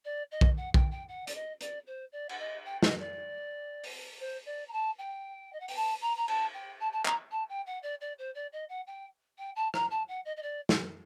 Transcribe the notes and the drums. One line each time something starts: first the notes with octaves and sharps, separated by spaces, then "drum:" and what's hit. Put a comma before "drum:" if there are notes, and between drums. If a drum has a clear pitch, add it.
D5
D#5
drum: kick
F#5
G5, drum: kick
G5
F#5
D5, drum: hi-hat
D#5
D5, drum: hi-hat
C5
D5
F#5, drum: cymbal
D#5
G5
D#5, drum: snare
D5
drum: open hi-hat
C5
D5
A#5
A5
G5
D#5
F#5
G5, drum: open hi-hat
A5
A#5
A#5
A5, drum: cymbal
G5
A5
A5
A#5, drum: clap
A5
G5
F#5
D5
D5
C5
D5
D#5
F#5
G5
G5
A5
A#5, drum: rim click
A5
F#5
D#5
D#5
D5
A4, drum: snare